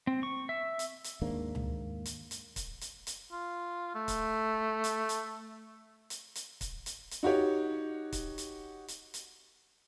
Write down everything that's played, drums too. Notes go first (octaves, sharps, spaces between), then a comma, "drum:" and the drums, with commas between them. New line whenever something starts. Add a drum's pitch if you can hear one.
C4
C#6
E5
drum: hi-hat
drum: hi-hat
D#2 G#2 A#3 D4
drum: tom C#2
drum: hi-hat
drum: hi-hat
drum: kick C#1, hi-hat
drum: hi-hat
drum: hi-hat
F4
A3
drum: kick C#1, hi-hat
drum: hi-hat
drum: hi-hat
drum: hi-hat
drum: hi-hat
drum: kick C#1, hi-hat
drum: hi-hat
drum: hi-hat
D#4 F#4 G4 C#5
drum: kick C#1, hi-hat
drum: hi-hat
drum: hi-hat
drum: hi-hat